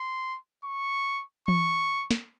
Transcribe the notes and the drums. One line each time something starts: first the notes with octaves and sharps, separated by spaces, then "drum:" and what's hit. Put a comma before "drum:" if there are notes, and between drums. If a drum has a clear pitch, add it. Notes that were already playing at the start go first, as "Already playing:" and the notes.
Already playing: C6
C#6
C#6, drum: tom E3
drum: snare